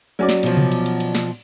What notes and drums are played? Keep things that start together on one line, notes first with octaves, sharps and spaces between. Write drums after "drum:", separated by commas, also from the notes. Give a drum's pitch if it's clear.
F#3 C#4 D5
drum: snare
B2 F3, drum: cymbal
drum: tom C3
drum: cymbal
drum: cymbal
drum: cymbal
drum: snare